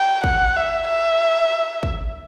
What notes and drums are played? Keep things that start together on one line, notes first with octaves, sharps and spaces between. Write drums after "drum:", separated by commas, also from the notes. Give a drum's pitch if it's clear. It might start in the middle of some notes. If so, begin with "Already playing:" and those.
Already playing: G5
F#5, drum: kick
E5
E5
drum: kick